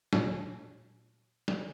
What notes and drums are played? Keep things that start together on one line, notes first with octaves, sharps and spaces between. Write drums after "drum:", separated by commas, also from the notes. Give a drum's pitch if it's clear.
A#2 F#3 D4, drum: snare
drum: snare